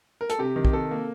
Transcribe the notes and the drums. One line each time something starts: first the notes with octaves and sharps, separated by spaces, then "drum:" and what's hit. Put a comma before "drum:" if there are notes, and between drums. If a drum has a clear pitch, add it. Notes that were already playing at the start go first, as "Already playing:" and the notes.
A#4
A4, drum: hi-hat
C3 G4
D#3
G4, drum: kick
C3 A4
A#3